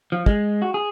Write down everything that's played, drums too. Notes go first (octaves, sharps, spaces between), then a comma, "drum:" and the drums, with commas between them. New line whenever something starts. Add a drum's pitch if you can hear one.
F3
G#3, drum: kick
F#4
G#4